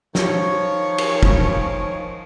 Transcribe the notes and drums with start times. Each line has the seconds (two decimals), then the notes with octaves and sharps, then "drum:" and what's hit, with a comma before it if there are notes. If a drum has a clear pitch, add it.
0.15 D#3 F3 C#5, drum: snare
0.98 drum: cymbal
1.23 drum: kick